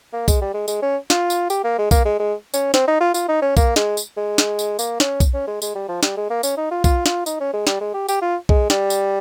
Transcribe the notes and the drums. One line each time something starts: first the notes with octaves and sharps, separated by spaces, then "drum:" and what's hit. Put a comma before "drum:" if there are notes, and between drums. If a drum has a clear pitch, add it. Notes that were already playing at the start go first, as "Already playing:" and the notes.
A#3
G#3, drum: kick B1, tambourine
G3
G#3
G#3, drum: tambourine
C#4
F4, drum: snare
drum: tambourine
G4, drum: tambourine
A#3
G#3
A#3, drum: kick B1, tambourine
G#3
G#3
C#4, drum: tambourine
C4, drum: snare
D#4
F4
F4, drum: tambourine
D#4
C#4
A#3, drum: kick B1, tambourine
G#3, drum: snare
drum: tambourine
G#3
drum: snare
drum: tambourine
A#3, drum: tambourine
C#4, drum: snare
drum: kick B1, tambourine
C#4
G#3
G#3, drum: tambourine
G3
F3
G3, drum: snare
G#3
A#3
C#4, drum: tambourine
D#4
F4
F4, drum: kick B1, tambourine
F4, drum: snare
D#4, drum: tambourine
C#4
G#3
G3, drum: snare
G#3
G4
G4, drum: tambourine
F4
G#3, drum: kick B1
G3, drum: snare
drum: tambourine